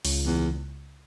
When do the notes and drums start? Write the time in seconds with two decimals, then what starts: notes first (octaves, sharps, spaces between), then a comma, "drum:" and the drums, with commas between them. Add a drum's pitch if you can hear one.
0.05 C#2, drum: open hi-hat
0.26 E2